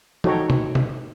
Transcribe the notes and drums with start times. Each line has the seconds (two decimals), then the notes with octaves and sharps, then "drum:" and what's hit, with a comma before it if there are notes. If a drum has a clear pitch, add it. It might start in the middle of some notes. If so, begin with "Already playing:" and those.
0.24 D#4 F#4 A4 C#5 G5 A#5, drum: tom E3
0.50 drum: tom
0.75 drum: tom